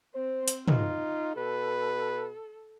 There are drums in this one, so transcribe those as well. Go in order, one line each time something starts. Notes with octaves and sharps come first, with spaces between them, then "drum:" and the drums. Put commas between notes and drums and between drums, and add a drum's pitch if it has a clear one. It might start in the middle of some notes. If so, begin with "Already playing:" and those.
C4 C5
drum: hi-hat
D#4 F4, drum: tom
B2 A4 B4